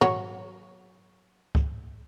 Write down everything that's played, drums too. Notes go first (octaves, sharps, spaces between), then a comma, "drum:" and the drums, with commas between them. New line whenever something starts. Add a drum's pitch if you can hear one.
F#3 F#4 C#5, drum: tom
drum: kick C#2